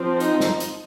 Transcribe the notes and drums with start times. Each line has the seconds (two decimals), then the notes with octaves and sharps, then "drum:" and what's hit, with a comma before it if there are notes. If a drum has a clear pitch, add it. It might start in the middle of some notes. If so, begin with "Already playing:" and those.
Already playing: F3 C4
0.20 D#4, drum: hi-hat
0.40 drum: snare
0.60 drum: hi-hat